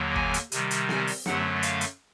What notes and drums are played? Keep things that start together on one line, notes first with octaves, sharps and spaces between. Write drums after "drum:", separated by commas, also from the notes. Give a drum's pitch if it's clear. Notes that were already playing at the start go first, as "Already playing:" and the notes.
Already playing: D#2 D3 F#3 A#3
G#5, drum: kick
drum: hi-hat
C3 D#3 G3, drum: hi-hat
drum: hi-hat
G#5, drum: snare
drum: open hi-hat
F#2 D3 F#3 A3 F#5, drum: snare
F5, drum: hi-hat
drum: hi-hat